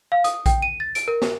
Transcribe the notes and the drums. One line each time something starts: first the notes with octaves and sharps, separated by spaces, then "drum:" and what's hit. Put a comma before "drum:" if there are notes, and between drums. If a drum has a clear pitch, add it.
F5
D#6, drum: hi-hat
G5, drum: kick A#1, hi-hat
D#7
A6
D7, drum: hi-hat
A#4
drum: snare